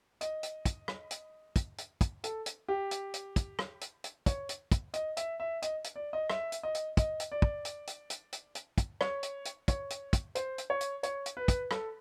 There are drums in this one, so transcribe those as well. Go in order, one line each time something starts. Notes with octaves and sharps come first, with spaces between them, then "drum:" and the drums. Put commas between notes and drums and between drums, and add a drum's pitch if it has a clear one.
D#5, drum: hi-hat
drum: hi-hat
drum: kick, hi-hat
drum: rim click
drum: hi-hat
drum: kick, hi-hat
drum: hi-hat
drum: kick, hi-hat
A4, drum: hi-hat
drum: hi-hat
G4
drum: hi-hat
drum: hi-hat
drum: kick, hi-hat
drum: rim click
drum: hi-hat
drum: hi-hat
C#5, drum: kick, hi-hat
drum: hi-hat
drum: kick, hi-hat
D#5, drum: hi-hat
E5, drum: hi-hat
E5
D#5, drum: hi-hat
drum: hi-hat
D5
D#5
E5, drum: rim click
drum: hi-hat
D#5
drum: hi-hat
D#5, drum: kick, hi-hat
drum: hi-hat
D5
drum: kick
drum: hi-hat
drum: hi-hat
drum: hi-hat
drum: hi-hat
drum: hi-hat
drum: kick, hi-hat
C#5, drum: rim click
drum: hi-hat
drum: hi-hat
C#5, drum: kick, hi-hat
drum: hi-hat
drum: kick, hi-hat
C5, drum: hi-hat
drum: hi-hat
C#5
drum: hi-hat
C#5, drum: hi-hat
drum: hi-hat
B4
drum: kick, hi-hat
A4, drum: rim click